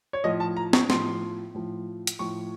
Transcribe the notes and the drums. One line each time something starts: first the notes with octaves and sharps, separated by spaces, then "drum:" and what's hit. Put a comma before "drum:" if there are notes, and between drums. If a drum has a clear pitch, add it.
C#5
A2 F3 D#5
A5
A#5
C#6, drum: snare
A2 F3 C6, drum: snare
A2 F3
drum: hi-hat
A2 F3 C#6